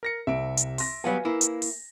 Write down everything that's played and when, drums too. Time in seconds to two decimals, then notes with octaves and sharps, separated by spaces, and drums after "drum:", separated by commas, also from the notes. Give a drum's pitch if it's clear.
0.03 A#4 A#6 C#7
0.27 C2 C3 E5 D7
0.57 drum: hi-hat
0.78 C6 A#6, drum: open hi-hat
1.04 F#3 G3 B3 B4 F5 G#5
1.25 A#3 E4
1.41 drum: hi-hat
1.62 drum: open hi-hat